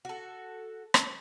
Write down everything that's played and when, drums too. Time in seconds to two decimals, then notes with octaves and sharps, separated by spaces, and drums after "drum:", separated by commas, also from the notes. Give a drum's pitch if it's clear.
0.05 F#4 A4
0.94 drum: rim click